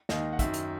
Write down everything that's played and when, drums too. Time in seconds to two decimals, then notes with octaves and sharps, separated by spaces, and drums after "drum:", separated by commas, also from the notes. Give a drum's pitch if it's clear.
0.09 D#2 D#3 D#5, drum: snare
0.33 F#5
0.39 F#2 D#3 E5, drum: kick, hi-hat
0.54 drum: hi-hat